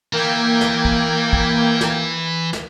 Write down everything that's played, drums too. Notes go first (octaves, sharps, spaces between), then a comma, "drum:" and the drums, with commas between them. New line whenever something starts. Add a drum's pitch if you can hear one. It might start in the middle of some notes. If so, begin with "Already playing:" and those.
E3 A#3 G5 G#6
drum: snare
drum: kick
drum: kick
drum: snare
drum: snare